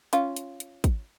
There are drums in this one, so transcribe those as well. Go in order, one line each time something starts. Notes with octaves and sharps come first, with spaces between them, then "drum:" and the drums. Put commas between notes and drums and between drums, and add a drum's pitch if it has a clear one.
C#4 F4, drum: hi-hat
drum: hi-hat
drum: hi-hat
drum: kick, hi-hat